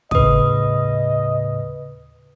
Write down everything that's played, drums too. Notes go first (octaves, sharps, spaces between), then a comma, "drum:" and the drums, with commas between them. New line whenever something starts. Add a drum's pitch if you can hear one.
D#2 A2 C#3 B4 D#5 D#6, drum: kick